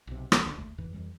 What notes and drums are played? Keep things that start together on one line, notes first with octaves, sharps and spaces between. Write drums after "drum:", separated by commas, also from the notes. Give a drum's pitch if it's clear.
B1 C3
F1, drum: rim click
D2
G#1 D#2 A3
F#1 F2 G#2 E3
F2 E3 G3